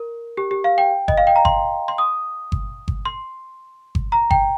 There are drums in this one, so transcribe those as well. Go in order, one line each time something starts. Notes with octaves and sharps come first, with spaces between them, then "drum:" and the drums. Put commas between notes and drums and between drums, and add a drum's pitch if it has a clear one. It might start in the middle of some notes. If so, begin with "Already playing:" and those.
Already playing: A#4
G4
G4
F5
G5
D#5, drum: kick G1
F5
G5
A#5
C6, drum: kick G1
C6
D#6
drum: kick G1
drum: kick G1
C6
drum: kick G1
A#5
G5, drum: kick G1